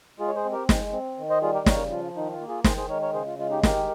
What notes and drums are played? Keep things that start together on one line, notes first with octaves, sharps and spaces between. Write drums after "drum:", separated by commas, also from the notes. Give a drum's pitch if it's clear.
G#3 F4 G#4
C#5
G#4 C5
C4
G4 A#4
G#3, drum: snare
C4
D#3
C5 D#5
G3 F4 G#4
G4 A#4
C#3 A#4 C#5, drum: snare
F3 F4
D#3 D#4
F4
A#3
F4 G#4
D#3 G#4 C5, drum: snare
G#4 C5
G#3 A#4 C#5
A#4 C#5
C#3 G#4 C5
F4
G#3 F4
D#4 G4
D#3 G4 A#4, drum: snare